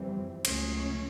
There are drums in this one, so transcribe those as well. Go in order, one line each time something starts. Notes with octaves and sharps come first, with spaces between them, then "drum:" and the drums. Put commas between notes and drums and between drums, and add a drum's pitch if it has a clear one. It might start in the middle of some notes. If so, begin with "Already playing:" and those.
Already playing: F2 C#3 E3 G3 C4
C#2 C#3 F#3 A3 C#4, drum: cymbal